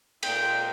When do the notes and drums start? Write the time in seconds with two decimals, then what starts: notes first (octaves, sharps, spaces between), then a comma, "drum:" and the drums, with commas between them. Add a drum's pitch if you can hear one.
0.23 A#2 G#3 D#4 G5, drum: cymbal